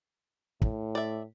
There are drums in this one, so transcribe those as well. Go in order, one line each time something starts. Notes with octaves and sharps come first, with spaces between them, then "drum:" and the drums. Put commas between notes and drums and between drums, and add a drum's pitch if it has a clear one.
A2, drum: kick
D5 E5